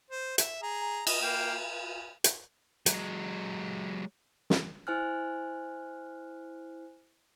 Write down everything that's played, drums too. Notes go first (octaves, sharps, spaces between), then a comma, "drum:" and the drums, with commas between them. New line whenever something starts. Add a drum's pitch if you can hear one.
C5
E5, drum: hi-hat
G#4 A#5
D#5, drum: cymbal
A#3 G5
drum: hi-hat
F#3 G#3, drum: hi-hat
drum: snare
E4 C5 G#5 F6 F#6